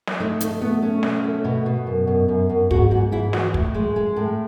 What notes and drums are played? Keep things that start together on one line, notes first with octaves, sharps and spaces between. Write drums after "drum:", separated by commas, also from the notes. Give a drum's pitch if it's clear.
drum: snare
A3 D#4
A3 D#4, drum: hi-hat
A3 B3
A3 C#4
B2, drum: snare
A3
B2
B2
F#2
F#2
F#2
F#2
G#2 F#4, drum: kick
G#2 F#4
G#2 E4
E3 F#4, drum: snare
A2, drum: kick
G#3
G#3
A2